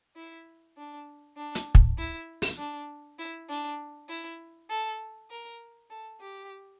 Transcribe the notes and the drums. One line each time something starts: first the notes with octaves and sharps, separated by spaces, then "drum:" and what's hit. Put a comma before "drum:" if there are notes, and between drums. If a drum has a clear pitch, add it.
E4
D4
D4
drum: hi-hat
drum: kick
E4
drum: open hi-hat
D4
E4
D4
E4
A4
A#4
A4
G4